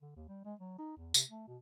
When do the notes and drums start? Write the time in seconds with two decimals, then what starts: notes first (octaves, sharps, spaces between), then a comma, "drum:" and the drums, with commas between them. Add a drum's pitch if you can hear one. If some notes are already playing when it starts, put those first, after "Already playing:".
0.02 D3
0.16 D#2
0.28 G3
0.45 G#3
0.59 F#3
0.78 D#4
0.96 E2
1.14 C3, drum: tambourine
1.29 A3
1.47 B2